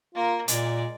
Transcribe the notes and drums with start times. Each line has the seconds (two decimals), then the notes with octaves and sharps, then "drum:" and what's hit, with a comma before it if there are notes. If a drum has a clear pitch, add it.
0.15 A#3 F4 A#4
0.48 A#2 G#3 D5, drum: hi-hat